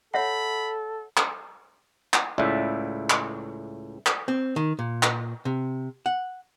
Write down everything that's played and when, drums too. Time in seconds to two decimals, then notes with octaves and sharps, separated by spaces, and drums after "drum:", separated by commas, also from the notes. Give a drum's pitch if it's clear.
0.14 A4 C#5 E5 F#5 B5
1.17 drum: clap
2.14 drum: clap
2.38 C#2 A2 D5 E5 F5
3.10 drum: clap
4.06 drum: clap
4.28 C4
4.56 D#3
4.79 A#2
5.03 drum: clap
5.45 C3
6.06 F#5